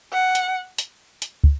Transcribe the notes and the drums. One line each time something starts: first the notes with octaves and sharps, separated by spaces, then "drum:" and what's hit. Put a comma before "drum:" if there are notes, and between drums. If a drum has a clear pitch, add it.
F#5
drum: hi-hat
drum: hi-hat
drum: hi-hat
drum: kick